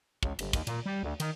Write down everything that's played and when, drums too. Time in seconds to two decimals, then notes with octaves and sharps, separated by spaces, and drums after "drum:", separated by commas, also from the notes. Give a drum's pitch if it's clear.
0.23 C#2, drum: kick
0.39 G1, drum: cymbal
0.53 D#2, drum: kick, cymbal
0.67 A#2, drum: cymbal
0.86 G3
1.03 D2
1.20 D#3, drum: cymbal